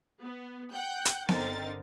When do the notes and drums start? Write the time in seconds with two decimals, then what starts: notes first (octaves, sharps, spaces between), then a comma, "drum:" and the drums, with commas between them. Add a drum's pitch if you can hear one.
0.22 B3
0.73 F#5 G5 F#6 G6
1.05 drum: hi-hat
1.29 G1 D3 C4 D#4 A#4 A6, drum: snare B3